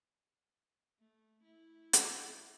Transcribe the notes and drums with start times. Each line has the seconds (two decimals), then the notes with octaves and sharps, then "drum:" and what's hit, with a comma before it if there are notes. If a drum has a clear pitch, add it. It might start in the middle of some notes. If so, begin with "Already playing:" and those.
0.99 A3
1.44 A3 E4
1.93 A4 E5 D6, drum: hi-hat